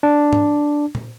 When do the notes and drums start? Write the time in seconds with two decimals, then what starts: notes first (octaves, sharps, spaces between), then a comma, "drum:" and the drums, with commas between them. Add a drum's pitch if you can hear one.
0.03 D4
0.33 drum: tom G#2
0.95 drum: tom A#2